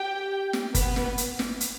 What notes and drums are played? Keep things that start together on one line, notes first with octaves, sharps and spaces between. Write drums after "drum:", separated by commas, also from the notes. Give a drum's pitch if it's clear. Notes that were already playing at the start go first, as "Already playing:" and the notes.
Already playing: G4 G5
drum: snare
B3 B4, drum: kick G1, hi-hat
drum: snare
drum: hi-hat
drum: snare
drum: hi-hat